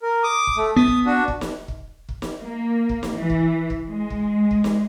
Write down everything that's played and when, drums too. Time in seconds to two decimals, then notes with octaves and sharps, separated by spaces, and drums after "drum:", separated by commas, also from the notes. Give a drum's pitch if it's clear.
0.02 A#4
0.23 D6 D#6
0.47 drum: kick
0.57 A3
0.76 B3 D#6
0.87 drum: kick
1.06 D4 F#4
1.28 drum: kick
1.41 drum: snare
1.68 drum: kick
2.09 drum: kick
2.22 drum: snare
2.42 A#3
2.89 drum: kick
3.03 drum: snare
3.16 E3
3.30 drum: kick
3.70 drum: kick
3.88 G#3
4.10 drum: kick
4.51 drum: kick
4.64 drum: snare